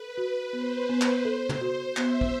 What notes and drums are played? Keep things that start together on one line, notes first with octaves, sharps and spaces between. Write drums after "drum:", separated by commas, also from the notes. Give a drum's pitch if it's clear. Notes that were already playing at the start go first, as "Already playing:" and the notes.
Already playing: A4 B4
F#4
B3 C5
B3
drum: clap
A4
drum: tom
F#4
B3 E5, drum: clap
drum: kick